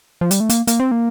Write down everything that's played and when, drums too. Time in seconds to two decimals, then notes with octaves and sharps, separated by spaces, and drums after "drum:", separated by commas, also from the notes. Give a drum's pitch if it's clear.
0.21 F3
0.31 G3, drum: hi-hat
0.40 A3
0.49 A#3, drum: hi-hat
0.67 A#3, drum: hi-hat
0.79 C4
0.91 A#3